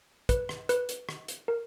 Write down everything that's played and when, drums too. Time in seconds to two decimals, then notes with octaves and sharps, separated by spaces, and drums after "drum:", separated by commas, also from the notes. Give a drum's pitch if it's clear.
0.29 B4, drum: kick, hi-hat
0.49 drum: rim click
0.69 B4, drum: hi-hat
0.89 drum: hi-hat
1.09 drum: rim click
1.28 drum: hi-hat
1.48 A#4